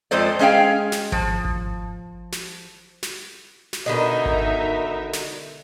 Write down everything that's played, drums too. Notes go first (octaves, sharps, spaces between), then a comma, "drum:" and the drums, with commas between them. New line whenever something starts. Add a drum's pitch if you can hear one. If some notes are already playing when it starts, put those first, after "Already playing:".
F2 G#3 F4 A4 C5 D5
G#3 C#4 G#4 F5 G5
drum: snare
F3, drum: kick G#1
drum: kick G#1
drum: snare
drum: snare
drum: snare
B2 D3 D#4 A#4 D#5 E5
drum: kick G#1
drum: snare